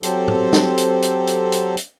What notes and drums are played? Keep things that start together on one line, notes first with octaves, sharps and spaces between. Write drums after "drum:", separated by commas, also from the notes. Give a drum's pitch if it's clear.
F#3 C4 G4 A4 C5, drum: hi-hat
drum: tom G#2
drum: snare
drum: hi-hat
drum: hi-hat
drum: hi-hat
drum: hi-hat
drum: hi-hat